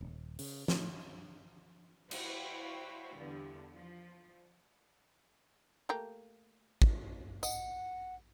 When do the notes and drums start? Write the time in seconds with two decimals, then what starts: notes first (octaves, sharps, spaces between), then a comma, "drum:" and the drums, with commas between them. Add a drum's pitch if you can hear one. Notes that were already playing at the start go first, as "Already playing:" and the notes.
0.01 D#1
0.39 C#3, drum: open hi-hat
0.68 A2, drum: snare
2.11 E4 F#4 C5 F5 G5 B5, drum: cymbal
3.17 E2 G2 D3
3.75 F3
5.89 A3 A#3 G4
6.82 drum: kick
7.43 D#5 F#5, drum: tambourine